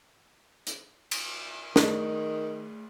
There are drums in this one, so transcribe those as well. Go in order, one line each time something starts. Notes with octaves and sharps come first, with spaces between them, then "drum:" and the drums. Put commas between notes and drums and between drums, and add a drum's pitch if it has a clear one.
drum: hi-hat
drum: cymbal
D#3 A3 G#4, drum: snare